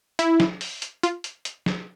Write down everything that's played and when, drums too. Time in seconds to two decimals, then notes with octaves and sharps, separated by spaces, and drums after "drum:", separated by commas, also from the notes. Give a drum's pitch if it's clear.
0.19 E4, drum: hi-hat
0.40 drum: snare
0.61 drum: open hi-hat
0.82 drum: hi-hat
1.03 F4, drum: hi-hat
1.24 drum: hi-hat
1.45 drum: hi-hat
1.66 drum: snare